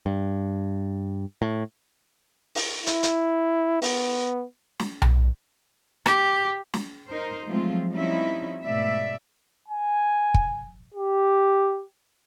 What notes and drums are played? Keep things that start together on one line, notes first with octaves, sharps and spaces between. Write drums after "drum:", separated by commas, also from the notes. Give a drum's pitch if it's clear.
G2
A2
drum: open hi-hat
E4, drum: hi-hat
drum: hi-hat
B3, drum: open hi-hat
drum: snare
drum: tom B1
G4, drum: rim click
drum: snare
D#4 A#4 C5
F3 F#3 G#3 A3 C4 F4
F3 G3 C4 C#4 D#4 E4
G#2 B2 A3 D5 E5
G#5
drum: kick
G4